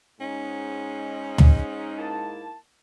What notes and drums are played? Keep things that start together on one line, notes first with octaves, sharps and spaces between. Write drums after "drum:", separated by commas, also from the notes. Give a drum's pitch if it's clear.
G#2 G#3 C#4 D#4
drum: tom
A#3 E4 A5